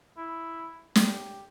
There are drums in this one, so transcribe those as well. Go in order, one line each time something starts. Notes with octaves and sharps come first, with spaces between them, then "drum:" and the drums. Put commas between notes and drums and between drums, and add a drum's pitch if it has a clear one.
E4
G4, drum: snare